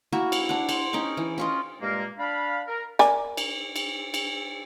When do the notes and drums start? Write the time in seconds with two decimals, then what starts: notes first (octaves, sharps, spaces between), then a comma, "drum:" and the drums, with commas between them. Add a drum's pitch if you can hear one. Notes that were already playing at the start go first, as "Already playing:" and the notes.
0.12 A#3 E4 F#4 E5
0.32 drum: cymbal
0.49 D4 F#5
0.69 C5, drum: cymbal
0.93 C#4 D#4 G5 D6
1.17 E3
1.38 C#4 F4 D#5
1.81 G2 A#2 G#3 A#3
2.18 D4 F5 B5
2.67 A#4
2.99 A#4 D5 G#5, drum: snare
3.37 drum: cymbal
3.76 drum: cymbal
4.14 drum: cymbal